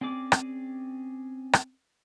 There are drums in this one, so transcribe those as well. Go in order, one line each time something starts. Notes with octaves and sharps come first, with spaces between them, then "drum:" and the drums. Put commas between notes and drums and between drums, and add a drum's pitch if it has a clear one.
C4 C#4 G#4 D5 D6
drum: rim click
drum: rim click